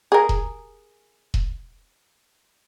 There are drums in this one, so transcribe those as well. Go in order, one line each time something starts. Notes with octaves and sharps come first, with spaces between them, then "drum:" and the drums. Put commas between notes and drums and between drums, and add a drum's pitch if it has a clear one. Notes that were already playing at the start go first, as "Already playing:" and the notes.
G#4 A#4
drum: kick E1
drum: kick E1